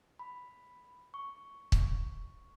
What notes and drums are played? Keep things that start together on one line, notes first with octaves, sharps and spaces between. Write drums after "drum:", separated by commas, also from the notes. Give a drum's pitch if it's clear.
B5
C#6
drum: kick